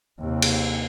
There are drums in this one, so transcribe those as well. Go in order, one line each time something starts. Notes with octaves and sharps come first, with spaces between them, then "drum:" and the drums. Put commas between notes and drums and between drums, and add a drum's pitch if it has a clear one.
D#2 C3
drum: cymbal